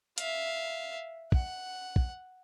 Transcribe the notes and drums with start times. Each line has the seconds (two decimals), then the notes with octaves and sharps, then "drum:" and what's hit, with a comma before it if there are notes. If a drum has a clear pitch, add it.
0.18 E5 F5, drum: hi-hat
1.32 F#5, drum: kick
1.96 drum: kick